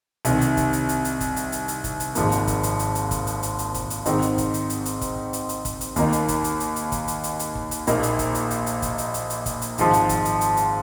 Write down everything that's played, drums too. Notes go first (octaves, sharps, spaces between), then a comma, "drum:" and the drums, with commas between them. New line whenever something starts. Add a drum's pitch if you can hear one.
C2 C3 D#3, drum: hi-hat
drum: hi-hat
drum: kick, hi-hat
drum: hi-hat
drum: hi-hat
drum: hi-hat
drum: kick, hi-hat
drum: hi-hat
drum: hi-hat
drum: hi-hat
drum: kick, hi-hat
drum: hi-hat
G#1 G#2 F3 A#3, drum: hi-hat
drum: hi-hat
drum: kick, hi-hat
drum: hi-hat
drum: hi-hat
drum: hi-hat
drum: kick, hi-hat
drum: hi-hat
drum: hi-hat
drum: hi-hat
drum: kick, hi-hat
drum: hi-hat
G#2 D#3 C4 D#4, drum: hi-hat
drum: hi-hat
drum: kick, hi-hat
drum: hi-hat
drum: hi-hat
drum: hi-hat
drum: kick, hi-hat
drum: hi-hat
drum: hi-hat
drum: kick, hi-hat
drum: hi-hat
D#2 D#3 A#3 D#4, drum: hi-hat
drum: hi-hat
drum: kick, hi-hat
drum: hi-hat
drum: hi-hat
drum: hi-hat
drum: kick, hi-hat
drum: hi-hat
drum: hi-hat
drum: hi-hat
drum: kick
drum: hi-hat
A#1 A#2 A#3 D#4, drum: hi-hat
drum: hi-hat
drum: kick, hi-hat
drum: hi-hat
drum: hi-hat
drum: hi-hat
drum: kick, hi-hat
drum: hi-hat
drum: hi-hat
drum: hi-hat
drum: kick, hi-hat
drum: hi-hat
G#1 G#2 F3, drum: hi-hat
drum: hi-hat
drum: kick, hi-hat
drum: hi-hat
drum: hi-hat
drum: hi-hat